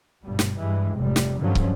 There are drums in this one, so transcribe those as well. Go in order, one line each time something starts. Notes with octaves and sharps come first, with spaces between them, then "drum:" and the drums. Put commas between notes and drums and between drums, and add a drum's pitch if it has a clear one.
G1 G2 B2 G3
drum: snare
G2 E3 G3 G#3
F1 G#2 C3 G3
drum: snare
G2 D3 D#3 F3 F#3 C#4
drum: kick